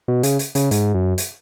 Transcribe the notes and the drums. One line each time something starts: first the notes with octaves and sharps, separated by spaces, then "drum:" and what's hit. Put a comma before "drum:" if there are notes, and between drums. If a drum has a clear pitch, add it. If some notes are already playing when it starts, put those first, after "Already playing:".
B2
C#3, drum: hi-hat
drum: hi-hat
C#3, drum: hi-hat
G#2, drum: hi-hat
F#2
drum: hi-hat